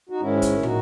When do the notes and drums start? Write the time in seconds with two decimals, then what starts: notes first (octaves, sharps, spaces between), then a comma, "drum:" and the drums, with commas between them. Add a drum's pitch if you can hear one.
0.09 D#4 F#4
0.21 G#2 D#3 G#3 C#4 E4
0.42 drum: kick, hi-hat
0.63 D#3 D#4 F#4, drum: tom